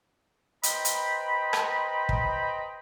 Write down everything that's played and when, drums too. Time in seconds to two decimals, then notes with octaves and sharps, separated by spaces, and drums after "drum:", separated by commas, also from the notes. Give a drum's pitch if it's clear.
0.63 B4 C5 D#5 G5 A#5 B5, drum: hi-hat
0.85 drum: hi-hat
1.53 drum: rim click
2.09 drum: kick